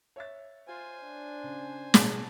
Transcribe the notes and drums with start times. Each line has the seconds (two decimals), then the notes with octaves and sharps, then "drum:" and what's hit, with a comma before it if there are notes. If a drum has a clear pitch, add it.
0.16 C#5 E5 A6
0.68 F4 C5 G#5
1.03 D4
1.43 C#3
1.94 A#1 B2 G#4 A5, drum: snare